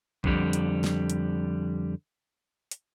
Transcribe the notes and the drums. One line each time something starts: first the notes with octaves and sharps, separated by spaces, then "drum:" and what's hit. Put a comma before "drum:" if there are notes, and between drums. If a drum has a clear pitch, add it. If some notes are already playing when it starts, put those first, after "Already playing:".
F2 D3 G3, drum: kick
drum: hi-hat
drum: snare
drum: hi-hat
drum: hi-hat